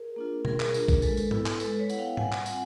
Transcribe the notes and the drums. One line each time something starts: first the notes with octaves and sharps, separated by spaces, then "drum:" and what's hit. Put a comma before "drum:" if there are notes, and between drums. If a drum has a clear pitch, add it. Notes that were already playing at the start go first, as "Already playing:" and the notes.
Already playing: G#4 A#4
A#3 D4 F4
G3 G#4 A#4, drum: tom B2
drum: clap
A#3 D4 F4, drum: tambourine
drum: kick, tambourine
G#3 A4 B4, drum: tambourine
drum: tambourine
B3 E4, drum: tom G#2
drum: clap
G#3 A4 B4, drum: tambourine
B4 C#5
B3 E4 F#5, drum: tambourine
F5 G5
G3 F#5 G#5, drum: tom G#2
drum: clap
C4 F4 F#5 G#5, drum: tambourine